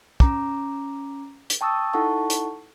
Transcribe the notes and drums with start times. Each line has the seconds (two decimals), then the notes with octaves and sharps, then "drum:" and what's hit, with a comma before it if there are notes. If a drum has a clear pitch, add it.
0.20 C#4 A#5 D6, drum: kick
1.50 drum: hi-hat
1.61 G5 A5 C#6 D#6 E6 A6
1.93 D#4 E4 A4 F#5 A5 C#6
2.30 drum: hi-hat